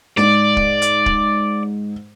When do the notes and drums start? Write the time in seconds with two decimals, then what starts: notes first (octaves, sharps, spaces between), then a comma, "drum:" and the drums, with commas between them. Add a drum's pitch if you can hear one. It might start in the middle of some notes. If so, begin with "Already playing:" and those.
0.17 G#2 D5, drum: snare
0.57 drum: kick
0.82 drum: hi-hat
1.06 drum: kick